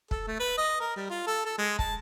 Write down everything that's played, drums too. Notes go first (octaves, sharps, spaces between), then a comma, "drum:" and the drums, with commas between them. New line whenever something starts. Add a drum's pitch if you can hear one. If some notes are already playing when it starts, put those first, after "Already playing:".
A4, drum: kick
A3
B4
D#5
A#4
G3
F4
A4
A4
G#3
A5, drum: kick